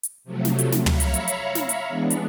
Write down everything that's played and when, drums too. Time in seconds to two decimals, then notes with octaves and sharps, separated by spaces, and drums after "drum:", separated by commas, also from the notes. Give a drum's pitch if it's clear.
0.03 drum: hi-hat
0.24 C3 F3 F#3 A3
0.45 drum: snare
0.59 drum: hi-hat
0.72 drum: snare
0.86 C#5 E5 F5 A#5 B5 C#6, drum: tom
1.00 drum: hi-hat
1.14 drum: hi-hat
1.28 drum: hi-hat
1.55 drum: snare
1.69 drum: hi-hat
1.88 E3 G#3 B3 D4
2.10 drum: hi-hat